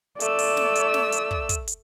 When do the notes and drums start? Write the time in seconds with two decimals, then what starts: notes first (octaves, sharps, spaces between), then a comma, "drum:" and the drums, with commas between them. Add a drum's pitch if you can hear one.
0.20 A3 D5 E6, drum: hi-hat
0.39 drum: open hi-hat
0.57 drum: snare
0.75 drum: hi-hat
0.94 drum: snare
1.12 drum: hi-hat
1.31 drum: kick
1.49 drum: kick, hi-hat
1.68 drum: hi-hat